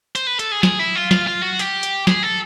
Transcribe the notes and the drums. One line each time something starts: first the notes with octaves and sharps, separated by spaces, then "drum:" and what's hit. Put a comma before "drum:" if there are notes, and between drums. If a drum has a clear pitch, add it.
C5, drum: hi-hat
B4
A4, drum: hi-hat
G#4
G#4, drum: snare
E4
F4
F4, drum: snare
F4
F#4
G4, drum: hi-hat
drum: hi-hat
G#4, drum: snare
A4